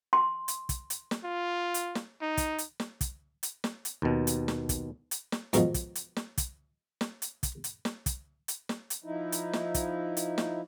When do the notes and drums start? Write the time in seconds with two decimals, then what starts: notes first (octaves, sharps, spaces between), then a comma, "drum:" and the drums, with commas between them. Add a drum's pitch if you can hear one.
0.13 C6
0.48 drum: hi-hat
0.69 drum: kick, hi-hat
0.90 drum: hi-hat
1.11 drum: snare
1.24 F4
1.74 drum: hi-hat
1.95 drum: snare
2.22 D#4
2.37 drum: kick, hi-hat
2.59 drum: hi-hat
2.80 drum: snare
3.01 drum: kick, hi-hat
3.43 drum: hi-hat
3.64 drum: snare
3.85 drum: hi-hat
4.02 D#2 B2
4.27 drum: hi-hat
4.48 drum: snare
4.69 drum: kick, hi-hat
5.11 drum: hi-hat
5.32 drum: snare
5.53 G#2 B2 D#3 F3, drum: hi-hat
5.74 drum: kick, hi-hat
5.95 drum: hi-hat
6.16 drum: snare
6.38 drum: kick, hi-hat
7.01 drum: snare
7.22 drum: hi-hat
7.43 drum: kick, hi-hat
7.64 drum: hi-hat
7.85 drum: snare
8.06 drum: kick, hi-hat
8.48 drum: hi-hat
8.69 drum: snare
8.90 drum: hi-hat
9.04 F3 D#4 E4
9.32 drum: hi-hat
9.53 drum: snare
9.74 drum: kick, hi-hat
10.17 drum: hi-hat
10.38 drum: snare